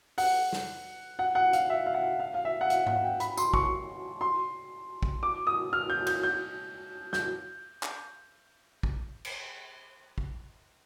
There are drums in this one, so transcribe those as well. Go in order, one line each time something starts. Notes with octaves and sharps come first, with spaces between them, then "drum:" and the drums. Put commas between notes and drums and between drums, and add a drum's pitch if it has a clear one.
F#5, drum: open hi-hat
drum: snare
F#5
F#5
F5, drum: hi-hat
E5
F5
F#5
F5
F5
E5
F#5
F5, drum: hi-hat
F#5, drum: tom G#2
G5
B5, drum: hi-hat
C6, drum: tambourine
C#6, drum: kick
C6
drum: kick
D6
D#6
F6
G6
G6, drum: cymbal
G6
G6, drum: snare
drum: clap
drum: kick
drum: cymbal
drum: kick